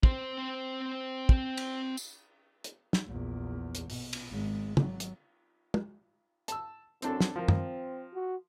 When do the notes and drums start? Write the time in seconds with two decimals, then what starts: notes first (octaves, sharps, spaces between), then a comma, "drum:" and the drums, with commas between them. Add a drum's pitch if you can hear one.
0.03 C4 C5, drum: kick
1.29 drum: kick
1.57 drum: cymbal
1.97 drum: tambourine
2.64 drum: hi-hat
2.93 drum: snare
3.08 A#1 E2
3.75 drum: hi-hat
3.90 B2, drum: open hi-hat
4.13 drum: cymbal
4.30 G#1 G#3
4.77 F#3, drum: tom
5.00 drum: hi-hat
5.74 drum: tom
6.48 A5 E6, drum: hi-hat
7.02 F#2 C4 D4 A4, drum: hi-hat
7.21 drum: snare
7.36 F3 C4 A#4
7.48 drum: tom
8.14 F#4